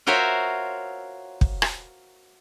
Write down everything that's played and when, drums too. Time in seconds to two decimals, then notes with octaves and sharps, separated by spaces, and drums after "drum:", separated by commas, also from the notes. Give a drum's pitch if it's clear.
0.07 F4 F#4 A#4 C5 C#5 E5
1.41 drum: kick
1.62 drum: rim click